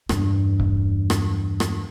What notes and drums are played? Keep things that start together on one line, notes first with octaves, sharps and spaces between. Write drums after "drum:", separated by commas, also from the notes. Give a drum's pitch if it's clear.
E2 G2, drum: rim click
drum: kick C#1
drum: rim click
drum: rim click